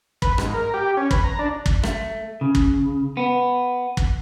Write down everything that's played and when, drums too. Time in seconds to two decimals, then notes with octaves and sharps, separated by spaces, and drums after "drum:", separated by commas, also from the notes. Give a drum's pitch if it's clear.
0.22 B4, drum: kick
0.38 G#2, drum: rim click
0.54 A#4
0.74 G4
0.97 C#4
1.11 B4, drum: kick
1.24 A#5
1.39 D4
1.66 drum: kick
1.83 A3, drum: rim click
2.41 C#3
2.55 drum: kick
3.17 B3
3.97 drum: kick